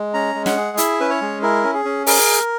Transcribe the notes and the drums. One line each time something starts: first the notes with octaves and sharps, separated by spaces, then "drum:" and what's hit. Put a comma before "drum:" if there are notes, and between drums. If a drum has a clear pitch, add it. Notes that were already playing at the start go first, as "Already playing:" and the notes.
Already playing: G#3
C#4 A#5
G#3
F#5, drum: snare
G#4
E4 E5, drum: hi-hat
C#4 B4
C#5
G#3
E4 A#4
C#4
G#4
C#4
G#4 A#4, drum: open hi-hat